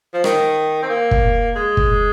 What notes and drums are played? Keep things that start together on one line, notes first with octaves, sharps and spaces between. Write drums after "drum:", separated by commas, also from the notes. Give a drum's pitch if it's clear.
F3
D#3, drum: rim click
C4
A#3
drum: kick
G#3
drum: kick